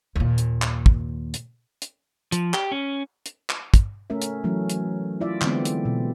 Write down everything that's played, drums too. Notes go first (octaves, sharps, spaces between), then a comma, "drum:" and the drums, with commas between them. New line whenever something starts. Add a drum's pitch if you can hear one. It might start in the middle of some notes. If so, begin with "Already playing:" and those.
D#2 A#2
drum: hi-hat
drum: clap
drum: kick
drum: hi-hat
drum: hi-hat
F3, drum: hi-hat
G4, drum: clap
C#4
drum: hi-hat
drum: clap
drum: kick, hi-hat
A3 C#4 A#4 E5
drum: hi-hat
E3 F#3 A3 C#4
drum: hi-hat
E4 F4 D5 E5
D3 E3 G#3 B3 C4, drum: clap
drum: hi-hat
B2